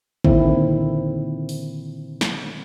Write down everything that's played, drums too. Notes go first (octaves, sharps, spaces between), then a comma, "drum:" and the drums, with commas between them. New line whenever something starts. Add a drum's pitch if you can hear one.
A#2 D3 D#3 C4 E4, drum: kick A1
drum: open hi-hat
drum: snare